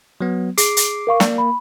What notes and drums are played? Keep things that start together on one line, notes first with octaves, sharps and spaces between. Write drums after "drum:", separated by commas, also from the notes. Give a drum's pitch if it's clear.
F#3 B3
G#4 D6 C7, drum: hi-hat
drum: hi-hat
A#4 F5 C#6
A#3 D5, drum: snare
B5